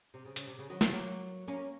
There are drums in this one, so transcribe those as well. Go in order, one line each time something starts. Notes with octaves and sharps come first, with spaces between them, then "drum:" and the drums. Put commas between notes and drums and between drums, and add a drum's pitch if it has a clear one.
C3
C#3
C#3, drum: hi-hat
C3
C#3
D#3 F#3
F#3 A#3, drum: snare
F#3 A#3
A#3 C#4